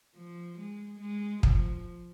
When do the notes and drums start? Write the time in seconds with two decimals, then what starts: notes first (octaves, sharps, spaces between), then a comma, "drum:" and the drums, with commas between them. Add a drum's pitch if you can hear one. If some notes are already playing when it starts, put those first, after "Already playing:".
0.15 F3
0.58 G#3
1.00 G#3
1.43 F3, drum: kick